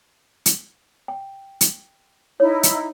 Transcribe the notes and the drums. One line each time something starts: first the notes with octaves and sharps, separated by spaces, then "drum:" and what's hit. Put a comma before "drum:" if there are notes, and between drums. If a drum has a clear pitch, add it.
drum: hi-hat
G5
drum: hi-hat
D#4 E4 C#5
drum: hi-hat